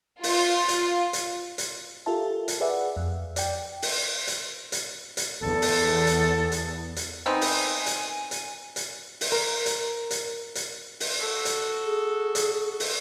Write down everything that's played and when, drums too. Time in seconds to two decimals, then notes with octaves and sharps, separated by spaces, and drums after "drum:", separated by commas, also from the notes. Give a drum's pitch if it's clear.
0.23 F4, drum: open hi-hat
0.68 drum: hi-hat
1.13 drum: hi-hat
1.58 drum: hi-hat
2.06 F4 G4 A4 A#4 E5 A5
2.48 drum: hi-hat
2.60 G#4 B4 D5 E5 F#5
2.97 F2
3.36 D5 G5, drum: hi-hat
3.82 drum: open hi-hat
4.27 drum: hi-hat
4.72 drum: hi-hat
5.17 drum: hi-hat
5.42 E2 A4
5.62 drum: open hi-hat
6.07 drum: hi-hat
6.52 drum: hi-hat
6.96 drum: hi-hat
7.26 B3 C4 D#4 G#5
7.41 drum: open hi-hat
7.86 drum: hi-hat
8.31 drum: hi-hat
8.76 drum: hi-hat
9.21 drum: open hi-hat
9.32 A#4
9.66 drum: hi-hat
10.11 drum: hi-hat
10.55 drum: hi-hat
11.00 drum: open hi-hat
11.18 F#4 A4
11.45 drum: hi-hat
11.85 G#4
12.35 drum: hi-hat
12.80 drum: open hi-hat